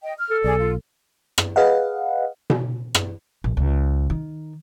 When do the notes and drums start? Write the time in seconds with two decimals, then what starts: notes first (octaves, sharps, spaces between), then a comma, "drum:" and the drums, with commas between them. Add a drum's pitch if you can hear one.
0.03 D#5 G5
0.18 F6
0.30 A4
0.44 B1 G#4 D5
0.59 F4
1.38 drum: rim click
1.56 G#4 B4 D#5 F5 F#5
2.50 drum: tom B2
2.95 drum: rim click
3.44 A#1
3.57 C#2
4.10 D#3